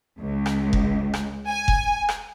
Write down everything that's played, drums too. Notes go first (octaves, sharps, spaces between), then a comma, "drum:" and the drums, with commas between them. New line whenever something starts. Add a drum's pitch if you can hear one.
C#2
drum: rim click
drum: kick F1
drum: rim click
G#5
drum: kick F1
drum: rim click